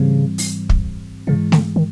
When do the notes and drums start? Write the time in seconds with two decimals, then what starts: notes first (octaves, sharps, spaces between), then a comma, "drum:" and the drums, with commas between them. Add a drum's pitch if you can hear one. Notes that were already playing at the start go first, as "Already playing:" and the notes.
Already playing: G#2 C#3 E3 G3 C4
0.38 drum: open hi-hat
0.69 drum: kick
1.27 G#2 C#3 E3 G#3
1.52 D3, drum: snare A3
1.76 D#3